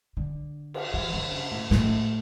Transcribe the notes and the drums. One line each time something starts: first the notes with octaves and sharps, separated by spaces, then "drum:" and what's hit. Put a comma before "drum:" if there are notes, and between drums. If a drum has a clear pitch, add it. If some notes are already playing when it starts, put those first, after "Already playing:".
D3
drum: cymbal
E3
D3
C#3
A2
A2, drum: snare